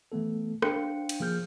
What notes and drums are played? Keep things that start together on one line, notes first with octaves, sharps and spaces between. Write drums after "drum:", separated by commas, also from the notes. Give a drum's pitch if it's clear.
E3 A3 B3 A4
D4 C5 F5 G5 F#6 C#7, drum: rim click
drum: cymbal
F3 A#3 G#4 F6 G6